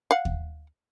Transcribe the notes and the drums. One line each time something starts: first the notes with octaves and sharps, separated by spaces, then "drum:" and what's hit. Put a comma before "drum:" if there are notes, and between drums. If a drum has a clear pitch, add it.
F5 F#5
drum: kick D#2